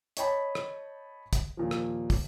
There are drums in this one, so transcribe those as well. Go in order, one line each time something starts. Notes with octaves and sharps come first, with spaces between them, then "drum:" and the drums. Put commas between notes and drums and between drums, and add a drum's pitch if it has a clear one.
C#5 D#5 G5 A5 B5, drum: hi-hat
drum: rim click
drum: kick, hi-hat
D#2 A#2 F3
drum: rim click
drum: kick, open hi-hat